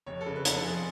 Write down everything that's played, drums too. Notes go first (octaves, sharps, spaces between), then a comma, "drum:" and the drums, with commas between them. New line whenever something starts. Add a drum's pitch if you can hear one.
F1 C#5
A4
C#3
B4
F1 A4, drum: hi-hat
A4
F3 G#4